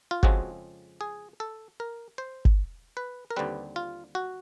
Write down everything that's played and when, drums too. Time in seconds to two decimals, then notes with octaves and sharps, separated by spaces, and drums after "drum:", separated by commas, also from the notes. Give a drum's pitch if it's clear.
0.11 F4
0.23 F2 C#3 F3 G#3 C4 F#4, drum: kick G1
1.01 G#4
1.40 A4
1.80 A#4
2.18 C5
2.45 drum: kick G1
2.97 B4
3.31 A#4
3.36 D#2 D3 G3 C4 B4
3.76 F4
4.15 F#4